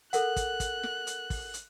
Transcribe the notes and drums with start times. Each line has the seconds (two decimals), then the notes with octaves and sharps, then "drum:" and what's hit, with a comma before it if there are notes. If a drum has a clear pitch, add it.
0.13 A4 A#4 F#5 F#6, drum: hi-hat
0.36 drum: kick, hi-hat
0.60 drum: kick, hi-hat
0.83 drum: snare
1.07 drum: hi-hat
1.30 drum: kick, open hi-hat
1.54 drum: hi-hat